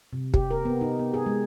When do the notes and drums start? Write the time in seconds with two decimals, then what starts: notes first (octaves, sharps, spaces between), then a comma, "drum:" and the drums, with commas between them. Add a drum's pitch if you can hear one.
0.13 C3
0.34 G4, drum: kick
0.51 A#4
0.65 B3
0.81 D#4
0.99 B3
1.14 G#4
1.26 G#3